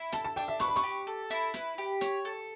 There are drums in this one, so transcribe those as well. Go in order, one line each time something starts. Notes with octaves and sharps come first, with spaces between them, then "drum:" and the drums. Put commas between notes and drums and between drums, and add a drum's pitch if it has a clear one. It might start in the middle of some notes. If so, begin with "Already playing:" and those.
Already playing: E4
A4 A5, drum: hi-hat
A5
D4 G5
E5
B4 C#6, drum: hi-hat
B5
C#6, drum: hi-hat
G4
A4
E4
B4, drum: hi-hat
G4
C#5, drum: hi-hat
A4